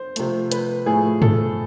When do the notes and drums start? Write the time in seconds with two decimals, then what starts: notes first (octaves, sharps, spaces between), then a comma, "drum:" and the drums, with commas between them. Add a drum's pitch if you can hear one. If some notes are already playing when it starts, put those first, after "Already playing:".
Already playing: C5
0.16 C3 F3 A3, drum: hi-hat
0.51 B4, drum: hi-hat
0.86 A2 F3 A3 G#4
1.22 A4, drum: tom G2